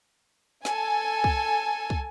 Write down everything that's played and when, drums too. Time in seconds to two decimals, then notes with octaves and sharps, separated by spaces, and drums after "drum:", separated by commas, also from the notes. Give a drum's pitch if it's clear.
0.65 A4 G#5, drum: snare
1.24 drum: kick
1.90 drum: kick